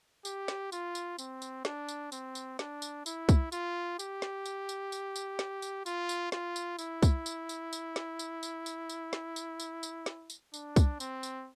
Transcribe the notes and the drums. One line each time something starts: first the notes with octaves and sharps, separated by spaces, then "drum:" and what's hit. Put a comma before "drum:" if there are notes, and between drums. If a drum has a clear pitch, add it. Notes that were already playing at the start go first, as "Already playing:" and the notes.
G4, drum: tambourine
drum: snare
F4, drum: tambourine
drum: tambourine
C4, drum: tambourine
drum: tambourine
D4, drum: snare
drum: tambourine
C4, drum: tambourine
drum: tambourine
D4, drum: snare
drum: tambourine
E4, drum: tambourine
drum: kick, tambourine
F4, drum: tambourine
G4, drum: tambourine
drum: snare
drum: tambourine
drum: tambourine
drum: tambourine
drum: tambourine
drum: snare
drum: tambourine
F4, drum: tambourine
drum: tambourine
F4, drum: snare
drum: tambourine
E4, drum: tambourine
drum: kick, tambourine
drum: tambourine
drum: tambourine
drum: tambourine
drum: snare
drum: tambourine
drum: tambourine
drum: tambourine
drum: tambourine
drum: snare
drum: tambourine
drum: tambourine
drum: tambourine
drum: snare
drum: tambourine
D4, drum: tambourine
drum: kick, tambourine
C4, drum: tambourine
drum: tambourine